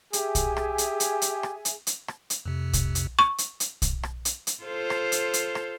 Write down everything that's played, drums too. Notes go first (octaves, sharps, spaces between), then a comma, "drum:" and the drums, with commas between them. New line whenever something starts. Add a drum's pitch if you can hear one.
G4 G#4 E5 G#5, drum: hi-hat
drum: kick, hi-hat
drum: rim click
drum: hi-hat
drum: hi-hat
drum: hi-hat
drum: rim click
drum: hi-hat
drum: hi-hat
drum: rim click
drum: hi-hat
F2 C3
drum: kick, hi-hat
drum: hi-hat
C#6, drum: rim click
drum: hi-hat
drum: hi-hat
drum: kick, hi-hat
drum: rim click
drum: hi-hat
drum: hi-hat
F4 A4 C5
drum: rim click
drum: hi-hat
drum: hi-hat
drum: rim click